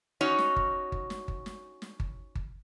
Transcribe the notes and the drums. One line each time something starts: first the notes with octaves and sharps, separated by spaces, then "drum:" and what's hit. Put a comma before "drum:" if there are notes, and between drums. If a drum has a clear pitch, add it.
C#4 D#4 F#4 C#5
drum: snare
drum: kick G1
drum: kick G1
drum: snare
drum: kick G1
drum: snare
drum: snare
drum: kick G1
drum: kick G1